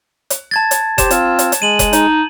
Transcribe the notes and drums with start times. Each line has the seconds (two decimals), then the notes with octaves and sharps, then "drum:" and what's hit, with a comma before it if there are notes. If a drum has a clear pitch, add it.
0.30 drum: hi-hat
0.51 A5 G#6 A6
0.71 drum: hi-hat
0.98 G4 C5 E7, drum: kick F1, hi-hat
1.11 C4 F4, drum: hi-hat
1.39 drum: hi-hat
1.52 drum: hi-hat
1.62 G#3 D#7 F#7
1.79 drum: kick F1, hi-hat
1.93 D#4, drum: hi-hat